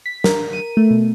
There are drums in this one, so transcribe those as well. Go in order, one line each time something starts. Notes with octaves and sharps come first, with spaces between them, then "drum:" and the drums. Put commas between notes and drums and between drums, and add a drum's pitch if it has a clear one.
B6
A#4, drum: snare
D#7
A3
B2